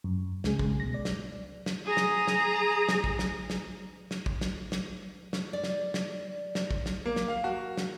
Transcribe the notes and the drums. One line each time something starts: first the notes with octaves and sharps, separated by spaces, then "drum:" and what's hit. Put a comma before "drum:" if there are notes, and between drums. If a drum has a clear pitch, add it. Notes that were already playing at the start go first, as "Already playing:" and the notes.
F#2
C#2 C#3 G#3 G#4, drum: snare
drum: kick
B2 A#6
D5
drum: snare
drum: snare
G#4 A#5
drum: snare
drum: snare
drum: snare
drum: kick
drum: snare
drum: snare
drum: snare
drum: kick
drum: snare
drum: snare
drum: snare
D5
drum: snare
drum: snare
drum: snare
drum: kick
drum: snare
A#3
drum: snare
F5
F#4
drum: snare